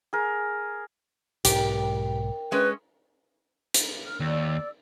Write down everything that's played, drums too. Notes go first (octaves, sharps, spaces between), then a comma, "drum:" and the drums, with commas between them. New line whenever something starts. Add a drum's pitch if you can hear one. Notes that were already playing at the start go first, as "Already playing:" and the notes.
G#4 A#4
B1 G#2 G#3 G4 A#4 G5, drum: hi-hat
G#3 C#4 B4
drum: hi-hat
F6
D#2 D5 E6